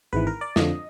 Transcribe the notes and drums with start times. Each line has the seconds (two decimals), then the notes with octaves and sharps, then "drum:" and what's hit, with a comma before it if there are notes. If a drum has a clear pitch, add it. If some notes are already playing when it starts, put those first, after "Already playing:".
0.13 G#1 G#2 E3 B4
0.27 A#4
0.41 D5
0.56 F2 D3 F3 D#5, drum: snare